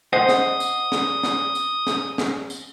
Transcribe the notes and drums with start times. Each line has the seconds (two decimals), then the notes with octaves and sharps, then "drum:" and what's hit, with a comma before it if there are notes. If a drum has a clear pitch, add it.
0.13 C5 D#5 F#5 D#6
0.29 drum: snare
0.60 drum: tambourine
0.92 drum: snare
1.23 drum: snare
1.55 drum: tambourine
1.87 drum: snare
2.18 drum: snare
2.50 drum: tambourine